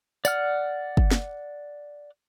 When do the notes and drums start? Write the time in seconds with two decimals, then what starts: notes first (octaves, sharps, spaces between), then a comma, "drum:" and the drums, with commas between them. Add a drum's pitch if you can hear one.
0.25 D5 F#5 F6, drum: tambourine
0.97 drum: kick
1.11 drum: snare